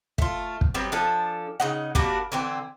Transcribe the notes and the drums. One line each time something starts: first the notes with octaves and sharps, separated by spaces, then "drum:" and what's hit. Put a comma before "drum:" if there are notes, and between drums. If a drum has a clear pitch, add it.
A3 F4, drum: kick
drum: kick
F#3 G3 B3 C4
F3 D4 A4 G#5
C#3 D#4 F#5
G3 A#3 D4 F#4, drum: kick
D3 E3 C4